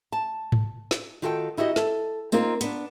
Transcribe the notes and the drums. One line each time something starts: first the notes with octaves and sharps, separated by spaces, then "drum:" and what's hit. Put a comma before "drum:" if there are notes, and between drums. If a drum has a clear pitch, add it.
A5
drum: tom G#2
drum: snare
D#3 F4 F#4 A4 E5 G5
D#4 E4 F#4 G4 C#5 D#5
A4, drum: snare
A#3 C4 D#4 F4 A#4 C5, drum: tambourine
B3 D4, drum: hi-hat